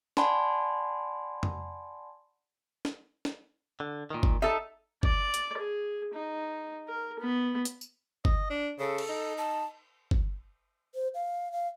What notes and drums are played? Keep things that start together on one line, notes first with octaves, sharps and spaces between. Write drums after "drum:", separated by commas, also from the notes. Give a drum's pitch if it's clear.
D5 F#5 G#5 A5 B5 C6, drum: snare
drum: tom F2
drum: snare
drum: snare
D3
A#2 D#3
drum: kick G1
D#4 A4 E5
D5, drum: kick G1
drum: hi-hat
G#4
D#4
A#4
B3
drum: hi-hat
drum: tambourine
D#5, drum: kick G1
D4
C#3 A4
drum: cymbal
D#4
A5
drum: kick G1
C5
F5
F5